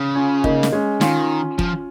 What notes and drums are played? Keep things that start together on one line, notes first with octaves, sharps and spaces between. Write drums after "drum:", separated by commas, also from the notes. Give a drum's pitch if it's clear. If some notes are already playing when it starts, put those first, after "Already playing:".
Already playing: C#3
C#4 F4
A#3 D#4, drum: kick
drum: snare
G#3 C#4
D#3 C#4 F4, drum: snare
F3, drum: kick